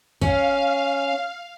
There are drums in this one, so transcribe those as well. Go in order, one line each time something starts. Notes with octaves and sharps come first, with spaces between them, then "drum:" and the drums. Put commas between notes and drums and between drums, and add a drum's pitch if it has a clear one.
C#4 F5, drum: kick